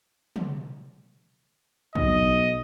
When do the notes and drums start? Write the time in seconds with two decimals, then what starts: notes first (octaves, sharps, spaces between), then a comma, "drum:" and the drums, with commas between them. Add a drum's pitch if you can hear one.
0.36 drum: tom
1.95 B1 D#5, drum: kick